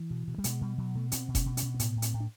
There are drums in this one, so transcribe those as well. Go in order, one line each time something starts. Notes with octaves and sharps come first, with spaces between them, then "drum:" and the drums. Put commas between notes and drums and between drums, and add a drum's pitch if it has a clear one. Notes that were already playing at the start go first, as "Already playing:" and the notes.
Already playing: E3
B2
B2
G3
B2 G#3, drum: hi-hat
B2 G3
B2 F#3
B2 A3
B2 C4, drum: hi-hat
B2
C#4, drum: kick F1, hi-hat
B2
C#4, drum: hi-hat
B2
C4
A2 B3, drum: hi-hat
A2
C4, drum: hi-hat
A2
D4